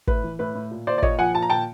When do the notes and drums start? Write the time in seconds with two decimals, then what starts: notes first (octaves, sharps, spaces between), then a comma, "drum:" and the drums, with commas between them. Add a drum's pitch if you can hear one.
0.07 A2 B4, drum: kick
0.24 E3
0.39 A2 B4
0.55 A2
0.71 A#2
0.87 A#2 C5 D5
0.98 D5
1.02 A#2 C#5 D#5, drum: kick
1.19 F3 F#5 G#5
1.34 A#2 A5
1.42 A#5
1.50 A#2 G5 A5